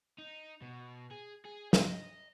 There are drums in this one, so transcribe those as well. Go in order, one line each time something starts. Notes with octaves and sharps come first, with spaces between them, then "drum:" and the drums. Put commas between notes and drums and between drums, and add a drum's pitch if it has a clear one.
D#4
B2
G#4
G#4
D#5, drum: snare